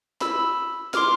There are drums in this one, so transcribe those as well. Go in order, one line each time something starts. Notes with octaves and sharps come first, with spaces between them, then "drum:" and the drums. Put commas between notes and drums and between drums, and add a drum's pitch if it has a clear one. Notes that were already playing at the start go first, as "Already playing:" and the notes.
B5 E6, drum: snare
C6 D6 F6, drum: snare